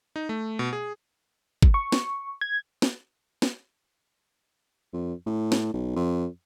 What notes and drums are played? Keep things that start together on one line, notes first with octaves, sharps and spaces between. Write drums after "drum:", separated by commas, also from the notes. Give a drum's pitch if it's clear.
D#4
A3
B2
G#4
drum: kick
C#6
drum: snare
G#6
drum: snare
drum: snare
F2
A2
drum: snare
B1
F2